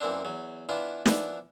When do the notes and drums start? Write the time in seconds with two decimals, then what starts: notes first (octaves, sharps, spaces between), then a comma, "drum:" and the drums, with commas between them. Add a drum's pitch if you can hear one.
0.01 F#2 E3 A#3 C4 D4
0.25 E2 F#3
0.69 E3 B3 D4 E4 F4
1.06 E3 F3 B3 D4, drum: snare